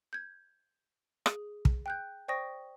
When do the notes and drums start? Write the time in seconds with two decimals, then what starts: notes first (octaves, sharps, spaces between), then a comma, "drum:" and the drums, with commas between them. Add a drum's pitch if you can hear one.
0.13 G6 G#6
1.26 G#4, drum: rim click
1.65 drum: kick
1.86 G5 F#6 G6
2.28 C5 D5 G5 C#6 D#6 A#6